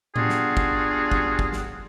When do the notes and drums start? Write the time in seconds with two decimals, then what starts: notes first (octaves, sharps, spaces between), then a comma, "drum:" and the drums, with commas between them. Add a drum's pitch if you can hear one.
0.16 G3 B3 D4 F4 F#4 G#4, drum: tom A2
0.29 drum: snare
0.57 drum: kick
1.11 drum: kick
1.39 drum: kick
1.53 drum: snare